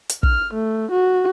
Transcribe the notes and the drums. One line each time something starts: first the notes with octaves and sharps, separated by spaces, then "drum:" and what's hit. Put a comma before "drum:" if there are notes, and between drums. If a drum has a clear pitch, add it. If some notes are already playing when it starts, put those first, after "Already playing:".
drum: hi-hat
F6, drum: kick
A3
F#4